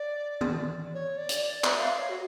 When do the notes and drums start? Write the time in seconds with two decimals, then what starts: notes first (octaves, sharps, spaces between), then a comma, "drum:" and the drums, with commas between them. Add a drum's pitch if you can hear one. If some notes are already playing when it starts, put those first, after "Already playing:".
Already playing: D5
0.41 drum: tom
0.94 C#5
1.17 D5
1.29 drum: hi-hat
1.41 D5
1.64 E5, drum: clap
1.81 F5
1.99 C#5
2.09 F#4